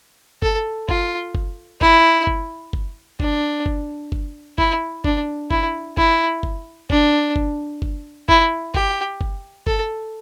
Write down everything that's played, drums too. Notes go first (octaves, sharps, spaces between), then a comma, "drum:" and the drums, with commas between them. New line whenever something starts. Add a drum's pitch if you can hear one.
A4, drum: kick
F4, drum: kick
drum: kick
E4, drum: kick
drum: kick
drum: kick
D4, drum: kick
drum: kick
drum: kick
E4, drum: kick
D4, drum: kick
E4, drum: kick
E4, drum: kick
drum: kick
D4, drum: kick
drum: kick
drum: kick
E4, drum: kick
G4, drum: kick
drum: kick
A4, drum: kick